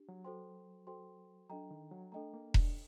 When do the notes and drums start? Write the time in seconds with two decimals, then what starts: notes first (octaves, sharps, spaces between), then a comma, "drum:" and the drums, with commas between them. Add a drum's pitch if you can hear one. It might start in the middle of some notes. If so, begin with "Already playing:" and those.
Already playing: D4 G4
0.09 F#3
0.24 F#4 A4 C5 G5 C6
0.87 F#4 A4 C5 G5 C6
1.50 F#3 D4 A4 D#5 G5 A#5
1.71 D#3
1.91 F#3
2.12 A3 D4 A4 D#5 G5 A#5
2.34 A#3
2.54 D4, drum: kick E1